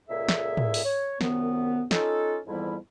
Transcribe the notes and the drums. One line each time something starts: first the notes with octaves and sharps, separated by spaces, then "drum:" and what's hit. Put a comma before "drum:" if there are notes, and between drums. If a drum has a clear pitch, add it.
C#2 A#2 G#4 A4 E5
drum: snare
drum: tom
drum: open hi-hat
C#5
C2 F#2 D#3 B3, drum: snare
C#4 D#4 F4 A4, drum: snare
F2 G#2 E3 G3 B3 E4